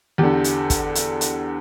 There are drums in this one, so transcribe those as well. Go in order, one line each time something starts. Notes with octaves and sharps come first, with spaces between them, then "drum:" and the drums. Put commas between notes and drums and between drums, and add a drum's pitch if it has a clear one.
E2 D3 G4
drum: hi-hat
drum: kick, hi-hat
drum: hi-hat
drum: hi-hat